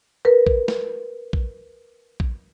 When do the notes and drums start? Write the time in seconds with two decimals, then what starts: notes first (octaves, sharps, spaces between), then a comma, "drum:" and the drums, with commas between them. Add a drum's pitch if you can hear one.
0.25 A#4 B4
0.47 drum: kick A#1
0.68 drum: snare
1.33 drum: kick A#1
2.20 drum: kick A#1